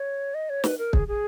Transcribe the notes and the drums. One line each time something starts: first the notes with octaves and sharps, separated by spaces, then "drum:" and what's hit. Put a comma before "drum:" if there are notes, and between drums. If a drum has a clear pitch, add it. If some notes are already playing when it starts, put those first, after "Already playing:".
Already playing: C#5
D#5
C#5
B4, drum: snare
A#4
G#4, drum: kick
G#4